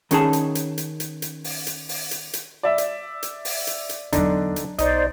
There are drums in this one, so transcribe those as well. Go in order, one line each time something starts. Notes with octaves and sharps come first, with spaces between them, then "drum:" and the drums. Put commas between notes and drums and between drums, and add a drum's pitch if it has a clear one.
D#3 C#4 D#4 G#4 A5, drum: hi-hat
drum: hi-hat
drum: hi-hat
drum: hi-hat
drum: hi-hat
drum: hi-hat
drum: open hi-hat
drum: hi-hat
drum: open hi-hat
drum: hi-hat
drum: hi-hat
D5 E5
drum: hi-hat
drum: hi-hat
drum: open hi-hat
drum: hi-hat
drum: hi-hat
E2 D3 F#3 D4 D#4, drum: hi-hat
drum: hi-hat
B1 D#4 C5 D5 D#5, drum: hi-hat